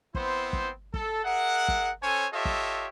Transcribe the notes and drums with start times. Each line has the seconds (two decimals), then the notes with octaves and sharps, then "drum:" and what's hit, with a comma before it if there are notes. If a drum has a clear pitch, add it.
0.15 B3 C4 E4 C5, drum: kick
0.53 drum: kick
0.94 A4, drum: kick
1.25 G#4 A#4 E5 F#5
1.68 drum: kick
2.02 C#4 A4 C5 C#5 G#5
2.33 F4 G4 A4 C#5 D#5 E5
2.45 drum: kick